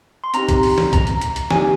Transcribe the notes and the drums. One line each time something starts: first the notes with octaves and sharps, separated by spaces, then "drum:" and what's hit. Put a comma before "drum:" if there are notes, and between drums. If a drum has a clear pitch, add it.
C6
C4 D#4 G4 A#5, drum: hi-hat
drum: kick, hi-hat
drum: open hi-hat
drum: snare
A#5, drum: kick, hi-hat
drum: hi-hat
drum: hi-hat
drum: hi-hat
A#3 D#4 G4 G#5, drum: snare